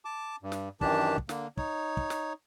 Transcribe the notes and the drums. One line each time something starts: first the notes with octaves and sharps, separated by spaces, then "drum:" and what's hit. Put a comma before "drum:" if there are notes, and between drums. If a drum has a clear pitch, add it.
A5 D6
G2
drum: snare
F#2 D#3 E3 D4 G4 A5, drum: kick
drum: kick
D3 A#3, drum: snare
D#4 C#5, drum: kick
drum: kick
drum: snare